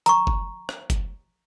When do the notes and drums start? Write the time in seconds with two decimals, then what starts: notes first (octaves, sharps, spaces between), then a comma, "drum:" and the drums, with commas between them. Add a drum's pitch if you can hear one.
0.06 A#5 C#6, drum: hi-hat
0.27 drum: kick
0.69 drum: rim click
0.90 drum: kick, hi-hat